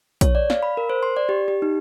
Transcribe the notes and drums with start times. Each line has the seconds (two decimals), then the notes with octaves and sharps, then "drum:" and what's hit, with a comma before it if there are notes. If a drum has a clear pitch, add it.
0.21 C#5, drum: kick A#1, hi-hat
0.35 D5
0.50 F5, drum: snare
0.63 B5
0.77 A#4
0.90 C5
1.03 C6
1.17 D5
1.29 G4
1.48 G4
1.62 D#4